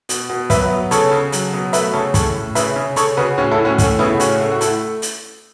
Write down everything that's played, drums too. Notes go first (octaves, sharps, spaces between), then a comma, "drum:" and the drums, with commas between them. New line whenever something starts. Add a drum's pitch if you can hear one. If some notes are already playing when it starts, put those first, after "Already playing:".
B2, drum: hi-hat
B2
F#3 B4 E5, drum: kick, hi-hat
B3
C#3 A4 C#5, drum: hi-hat
C#3
F#3, drum: hi-hat
B2
A3 B4 E5, drum: hi-hat
C#3 A4 C#5
A2 A4 C#5, drum: kick, hi-hat
A2
C#3 B4 E5, drum: hi-hat
C#3
C#3 A4 C#5, drum: hi-hat
C#3 F#4 B4
A2 C#4 F#4
E4 A4
A2
C#4 F#4
A3 C#4, drum: kick, hi-hat
C#3 B3 E4
A2 C#4 F#4, drum: hi-hat
A3
F#4
A3 E4 A4, drum: hi-hat
drum: hi-hat